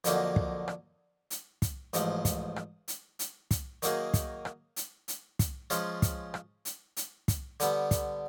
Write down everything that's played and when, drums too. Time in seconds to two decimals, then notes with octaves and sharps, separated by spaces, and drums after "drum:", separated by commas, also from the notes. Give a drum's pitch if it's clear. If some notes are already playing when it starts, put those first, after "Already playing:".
0.04 F2 D3 F#3 A#3 D#4, drum: hi-hat
0.36 drum: kick
0.68 drum: rim click
1.30 drum: hi-hat
1.62 drum: kick, hi-hat
1.93 A1 G#2 F3, drum: hi-hat
2.25 drum: kick, hi-hat
2.56 drum: rim click
2.88 drum: hi-hat
3.19 drum: hi-hat
3.51 drum: kick, hi-hat
3.82 D#3 F#3 A#3 D#4 G#4, drum: hi-hat
4.14 drum: kick, hi-hat
4.45 drum: rim click
4.76 drum: hi-hat
5.08 drum: hi-hat
5.39 drum: kick, hi-hat
5.70 F3 G#3 C#4 F4, drum: hi-hat
6.02 drum: kick, hi-hat
6.34 drum: rim click
6.65 drum: hi-hat
6.97 drum: hi-hat
7.28 drum: kick, hi-hat
7.60 D3 G3 B3, drum: hi-hat
7.91 drum: kick, hi-hat